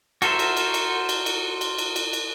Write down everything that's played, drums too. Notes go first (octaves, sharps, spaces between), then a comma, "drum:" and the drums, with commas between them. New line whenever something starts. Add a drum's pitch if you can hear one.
F#4 A4 A#4 C5 E5, drum: cymbal
drum: cymbal
drum: cymbal
drum: cymbal
drum: cymbal
drum: cymbal
drum: cymbal
drum: cymbal
drum: cymbal
drum: cymbal